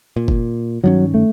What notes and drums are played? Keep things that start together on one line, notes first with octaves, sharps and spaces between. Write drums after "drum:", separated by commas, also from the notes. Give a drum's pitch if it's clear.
A#2
drum: kick
G2 D#3 F#3 C#4
A3